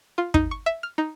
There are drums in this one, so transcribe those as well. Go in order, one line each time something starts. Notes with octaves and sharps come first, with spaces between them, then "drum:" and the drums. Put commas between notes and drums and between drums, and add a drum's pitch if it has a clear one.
F4
D#4, drum: kick
C#6
E5
F6
D#4